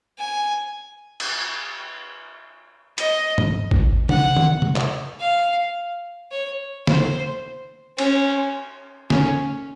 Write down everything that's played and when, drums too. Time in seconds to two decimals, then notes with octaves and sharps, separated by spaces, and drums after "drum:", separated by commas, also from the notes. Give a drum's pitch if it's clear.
0.19 G#5
1.20 drum: cymbal
2.98 D#5, drum: hi-hat
3.38 drum: tom G2
3.71 drum: kick G#1
4.09 F#5, drum: tom
4.37 drum: tom D#3
4.62 drum: tom
4.76 drum: clap
5.20 F5
6.31 C#5
6.87 C5, drum: snare
7.98 C#4, drum: cymbal
9.10 C#4, drum: snare